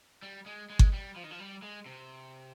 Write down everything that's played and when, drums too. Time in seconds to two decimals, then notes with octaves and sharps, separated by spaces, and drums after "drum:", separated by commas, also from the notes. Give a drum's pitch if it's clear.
0.23 G3
0.46 G#3
0.70 G#3
0.79 drum: kick G1
0.93 G3
1.16 F3
1.24 D#3
1.31 F3
1.39 G3
1.62 G#3
1.86 C3